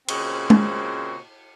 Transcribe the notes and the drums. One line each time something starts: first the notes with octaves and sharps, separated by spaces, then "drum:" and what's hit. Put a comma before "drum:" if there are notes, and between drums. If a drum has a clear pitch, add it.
A#2 C#3 C4 F#4 C5 D#5, drum: cymbal
drum: tom G#3